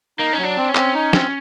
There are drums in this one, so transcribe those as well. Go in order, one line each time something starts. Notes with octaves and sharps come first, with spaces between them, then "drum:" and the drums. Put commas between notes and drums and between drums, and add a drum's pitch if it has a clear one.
A#3 D#4
C#4
F#3
D4
C4
C#4
C4, drum: clap
D#4
C4, drum: snare